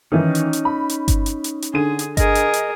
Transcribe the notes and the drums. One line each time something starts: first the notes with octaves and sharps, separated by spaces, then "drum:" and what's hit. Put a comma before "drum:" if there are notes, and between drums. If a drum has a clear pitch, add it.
D#3 E3 C#4 D#4
drum: hi-hat
drum: hi-hat
B5
drum: hi-hat
drum: kick G1, hi-hat
drum: hi-hat
drum: hi-hat
drum: hi-hat
D3 G#4 D#7
drum: hi-hat
G#4 A#4 D#5, drum: kick G1, hi-hat
drum: hi-hat
drum: hi-hat